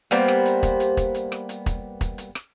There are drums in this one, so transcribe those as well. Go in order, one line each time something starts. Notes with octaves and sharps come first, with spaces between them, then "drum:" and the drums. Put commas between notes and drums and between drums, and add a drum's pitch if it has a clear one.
G3 A#3 B3 C5, drum: hi-hat
drum: rim click
drum: hi-hat
drum: kick, hi-hat
drum: hi-hat
drum: kick, hi-hat
drum: hi-hat
drum: rim click
drum: hi-hat
drum: kick, hi-hat
drum: kick, hi-hat
drum: hi-hat
drum: rim click